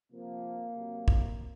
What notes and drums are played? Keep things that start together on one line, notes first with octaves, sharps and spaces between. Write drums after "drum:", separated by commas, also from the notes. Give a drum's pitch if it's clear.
C3 F3 A#3
C3 F#3
drum: kick